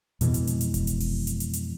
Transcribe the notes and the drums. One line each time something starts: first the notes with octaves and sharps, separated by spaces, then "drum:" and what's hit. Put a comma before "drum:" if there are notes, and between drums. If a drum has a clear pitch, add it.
F2 B2 E3 G#3, drum: hi-hat
drum: hi-hat
drum: hi-hat
drum: hi-hat
drum: kick E1, hi-hat
drum: hi-hat
drum: open hi-hat
drum: hi-hat
drum: hi-hat
drum: hi-hat